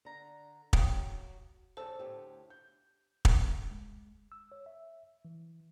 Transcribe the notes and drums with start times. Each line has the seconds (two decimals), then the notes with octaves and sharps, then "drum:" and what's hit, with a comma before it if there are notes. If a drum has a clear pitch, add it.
0.05 D3 A#5
0.73 F#3 F#4 F5 G5 D#6, drum: kick
1.77 E2 G#2 C#3 A4 C5 A5 E6
1.99 D2 A2 G4
2.50 G6
3.25 drum: kick
3.71 G#3
4.32 E6
4.52 C#5
4.66 E5
5.25 E3